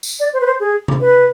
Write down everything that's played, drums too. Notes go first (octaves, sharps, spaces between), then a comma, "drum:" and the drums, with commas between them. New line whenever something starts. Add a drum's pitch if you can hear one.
drum: tambourine
D5
C5
B4
C5
G#4
drum: tom C3
B4